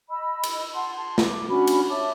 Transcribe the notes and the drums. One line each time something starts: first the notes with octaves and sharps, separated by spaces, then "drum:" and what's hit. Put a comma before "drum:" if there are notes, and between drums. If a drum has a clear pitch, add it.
D#5 B5 E6
drum: cymbal
F#5 A5 C6
A5 A#5 C6
D6, drum: snare
C#4 D4 F#4 B5
drum: cymbal
C#5 E5 A5 D6